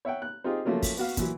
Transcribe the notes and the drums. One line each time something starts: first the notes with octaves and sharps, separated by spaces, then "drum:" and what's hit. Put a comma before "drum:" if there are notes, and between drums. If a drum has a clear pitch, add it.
C#5 E5 F#5 G5
F#6
C4 D#4 F4 G4 G#4
F3 F#3 A3 A#3 C#4 F4
drum: kick, open hi-hat
B3 F#4 F5
A#2 E3 F#3, drum: kick, hi-hat